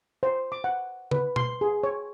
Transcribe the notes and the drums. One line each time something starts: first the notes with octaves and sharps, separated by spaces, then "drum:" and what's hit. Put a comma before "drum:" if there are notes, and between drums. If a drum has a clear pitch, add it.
C5
D6
F#5
B4, drum: tom C#3
C6, drum: tom B2
G#4
C#5